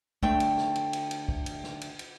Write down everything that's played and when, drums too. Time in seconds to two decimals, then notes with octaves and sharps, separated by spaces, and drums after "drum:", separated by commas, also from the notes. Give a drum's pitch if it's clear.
0.23 D2 A3 G5, drum: kick
0.40 drum: cymbal
0.58 drum: snare
0.76 drum: cymbal
0.93 drum: cymbal
1.11 drum: cymbal
1.29 drum: kick
1.46 drum: cymbal
1.64 drum: snare
1.81 drum: cymbal
1.99 drum: cymbal